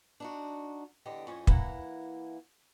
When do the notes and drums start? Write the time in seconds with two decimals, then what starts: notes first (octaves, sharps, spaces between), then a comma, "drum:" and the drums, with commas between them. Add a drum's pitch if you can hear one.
0.20 D4 D#4 F#4
1.05 E2 D3 G4 D#5
1.27 F2 C#4 C5 C#5
1.47 E3 A#3 E4 F#5 A#5, drum: kick